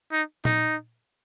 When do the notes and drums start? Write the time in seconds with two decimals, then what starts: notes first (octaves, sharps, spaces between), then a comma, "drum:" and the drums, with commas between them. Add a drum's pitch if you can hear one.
0.12 D#4
0.45 D#4, drum: tom A#2